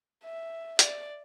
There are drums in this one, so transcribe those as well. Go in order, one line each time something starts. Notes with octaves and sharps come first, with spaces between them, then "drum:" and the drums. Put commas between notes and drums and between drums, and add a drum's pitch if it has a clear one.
E5
D5, drum: hi-hat